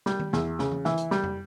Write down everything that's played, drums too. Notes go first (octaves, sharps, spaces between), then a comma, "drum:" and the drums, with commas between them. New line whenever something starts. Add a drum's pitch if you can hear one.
G3, drum: snare
drum: tom D#3
E2, drum: snare
C#3, drum: snare
drum: tom E3
E3, drum: snare
drum: hi-hat
G3, drum: snare
drum: tom